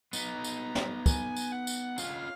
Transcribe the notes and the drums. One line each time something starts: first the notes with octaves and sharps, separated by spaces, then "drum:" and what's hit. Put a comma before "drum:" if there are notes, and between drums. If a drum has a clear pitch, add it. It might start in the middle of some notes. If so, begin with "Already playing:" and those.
B3 D#4 A#5, drum: tambourine
drum: tambourine
drum: snare
G#5, drum: kick, tambourine
drum: tambourine
F#5
drum: tambourine
C#4 F4 F5, drum: tambourine